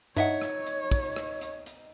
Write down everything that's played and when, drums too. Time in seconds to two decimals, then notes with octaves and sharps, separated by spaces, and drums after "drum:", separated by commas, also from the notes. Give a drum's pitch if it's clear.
0.17 G2 D#4 C#5 E5 F#5, drum: hi-hat
0.41 drum: rim click
0.66 drum: hi-hat
0.91 drum: kick, open hi-hat
1.16 drum: rim click
1.41 drum: hi-hat
1.66 drum: hi-hat